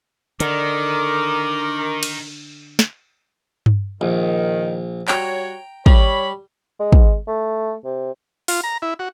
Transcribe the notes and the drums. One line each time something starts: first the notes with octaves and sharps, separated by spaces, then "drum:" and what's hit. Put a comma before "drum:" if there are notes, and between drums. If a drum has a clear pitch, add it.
D3 D#3 A#4 D6, drum: hi-hat
drum: cymbal
drum: snare
drum: tom G2
A#1 D#3
G3 F#4 C#5 G5 A#5, drum: clap
G3 C#5 B5, drum: kick
G#3
drum: kick
A3
C3
F4, drum: open hi-hat
A#5
E4
F#4